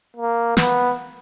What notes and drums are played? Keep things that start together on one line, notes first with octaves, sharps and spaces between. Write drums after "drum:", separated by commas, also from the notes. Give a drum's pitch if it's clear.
A#3
B3, drum: snare